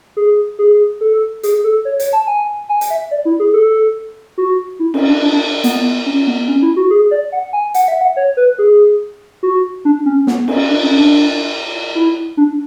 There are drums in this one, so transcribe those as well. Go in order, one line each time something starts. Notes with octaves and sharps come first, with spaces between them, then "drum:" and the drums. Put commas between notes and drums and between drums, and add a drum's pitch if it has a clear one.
G#4
G#4
A4
G#4, drum: hi-hat
A4
C#5
C#5, drum: hi-hat
A5
G#5
G#5
drum: hi-hat
E5
D5
E4
G#4
A4
F#4
E4
C#4, drum: cymbal
D4
D4
D4
B3, drum: hi-hat
C#4
B3
C#4
E4
F#4
G#4
D5
F#5
G#5
F#5, drum: hi-hat
E5
F#5
C#5
B4
G#4
F#4
D4
C#4
B3, drum: snare
C#4, drum: cymbal
D4
C#4
D4
E4
D4